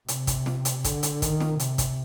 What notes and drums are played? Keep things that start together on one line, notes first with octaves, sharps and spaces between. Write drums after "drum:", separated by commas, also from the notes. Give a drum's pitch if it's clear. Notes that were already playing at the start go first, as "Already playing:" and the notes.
C3, drum: hi-hat
drum: kick, hi-hat
drum: snare
drum: hi-hat
D3, drum: kick, hi-hat
drum: hi-hat
D#3, drum: kick, hi-hat
drum: snare
C3, drum: hi-hat
drum: kick, hi-hat